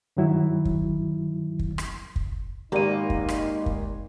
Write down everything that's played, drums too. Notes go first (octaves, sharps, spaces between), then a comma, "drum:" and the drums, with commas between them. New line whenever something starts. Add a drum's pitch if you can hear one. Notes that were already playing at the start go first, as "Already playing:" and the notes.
G2 D#3 F#3 E4
drum: kick
drum: kick
drum: rim click
drum: kick
G#1 A#3 D#4 G4 D5 D#7
drum: kick
drum: rim click
drum: kick